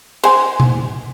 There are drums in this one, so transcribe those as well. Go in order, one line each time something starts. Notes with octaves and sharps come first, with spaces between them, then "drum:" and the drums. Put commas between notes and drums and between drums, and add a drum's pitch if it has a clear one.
C5 G#5, drum: cymbal
drum: tom B2